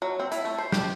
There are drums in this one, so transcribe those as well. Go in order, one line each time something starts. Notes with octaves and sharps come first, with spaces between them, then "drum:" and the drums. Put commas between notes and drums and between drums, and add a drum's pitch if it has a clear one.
F#3
C4
E4, drum: hi-hat
A3
C5
G4, drum: snare